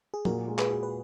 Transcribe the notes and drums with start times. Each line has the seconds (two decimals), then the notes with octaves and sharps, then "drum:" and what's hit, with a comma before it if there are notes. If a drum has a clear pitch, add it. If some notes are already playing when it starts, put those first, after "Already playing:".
0.14 G#4
0.25 A#2 F#4 A#4, drum: tom
0.48 G#3
0.58 G#4 B4, drum: clap
0.70 F#4
0.83 B4